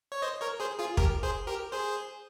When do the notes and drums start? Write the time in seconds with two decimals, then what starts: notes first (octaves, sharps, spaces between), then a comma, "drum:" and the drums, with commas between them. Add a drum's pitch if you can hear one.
0.12 C#5
0.22 C5 D#5
0.41 A#4 C#5
0.60 G#4 C5
0.79 F4 G#4
0.97 G4 A#4, drum: kick
1.23 G#4 C5
1.47 G4 A#4
1.72 G#4 C5